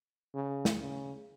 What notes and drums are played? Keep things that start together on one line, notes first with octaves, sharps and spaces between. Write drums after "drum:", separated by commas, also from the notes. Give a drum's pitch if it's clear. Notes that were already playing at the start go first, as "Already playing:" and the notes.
C#3
drum: snare
C#3